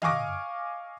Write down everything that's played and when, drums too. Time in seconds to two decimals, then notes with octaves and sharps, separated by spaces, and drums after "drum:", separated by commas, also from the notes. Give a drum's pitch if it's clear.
0.02 D#5 F5 G#5 C#6 D6 A#6, drum: tom